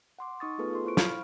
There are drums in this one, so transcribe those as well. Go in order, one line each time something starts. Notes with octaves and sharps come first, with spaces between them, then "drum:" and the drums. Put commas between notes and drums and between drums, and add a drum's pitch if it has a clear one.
F#5 C6 D6
D#4 C#6 D#6 A6
A3 B3 F4 G#4 A4 B4
F4 A4 C6
E4 C5 C#6 D7
F5 B5 F6, drum: snare